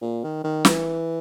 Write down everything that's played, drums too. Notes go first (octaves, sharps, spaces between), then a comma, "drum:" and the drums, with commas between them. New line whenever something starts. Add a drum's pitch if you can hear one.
A#2
D#3
D#3
E3, drum: snare